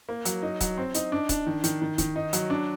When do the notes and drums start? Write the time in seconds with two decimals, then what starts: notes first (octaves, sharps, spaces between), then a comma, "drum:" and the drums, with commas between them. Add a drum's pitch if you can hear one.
0.09 A#3
0.25 F#3, drum: hi-hat
0.42 D#4
0.61 F#3, drum: kick C#1, hi-hat
0.78 C4
0.95 D#4, drum: hi-hat
1.12 D4
1.29 D4, drum: kick C#1, hi-hat
1.47 D#3
1.64 D#3, drum: hi-hat
1.82 D#3
1.98 D#3, drum: kick C#1, hi-hat
2.16 D#4
2.33 F#3, drum: hi-hat
2.50 D4